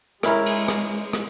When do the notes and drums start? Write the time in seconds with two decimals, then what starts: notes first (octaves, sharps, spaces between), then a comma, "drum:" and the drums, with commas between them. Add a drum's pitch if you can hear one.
0.23 G#3 C#4 E4 A#4, drum: rim click
0.46 drum: cymbal
0.68 drum: rim click
1.13 drum: rim click